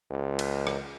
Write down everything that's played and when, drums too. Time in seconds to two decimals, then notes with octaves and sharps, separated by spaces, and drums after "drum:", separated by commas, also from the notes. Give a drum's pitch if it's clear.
0.11 C#2
0.39 drum: cymbal
0.67 drum: rim click